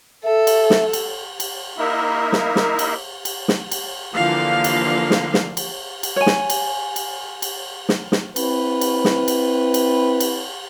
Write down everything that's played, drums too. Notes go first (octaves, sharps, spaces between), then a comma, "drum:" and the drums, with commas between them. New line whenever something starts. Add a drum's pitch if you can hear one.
A4 E5
drum: cymbal
drum: snare
drum: cymbal
drum: cymbal
A#3 D#4 E4 A#4 E5
drum: snare
drum: snare
drum: cymbal
drum: cymbal
drum: snare
drum: cymbal
D3 E3 F3 A#3 F5
drum: cymbal
drum: snare
drum: snare
drum: cymbal
drum: cymbal
C#5 G#5
drum: snare
drum: cymbal
drum: cymbal
drum: cymbal
drum: snare
drum: snare
C4 E4 B4, drum: cymbal
drum: cymbal
drum: snare
drum: cymbal
drum: cymbal
drum: cymbal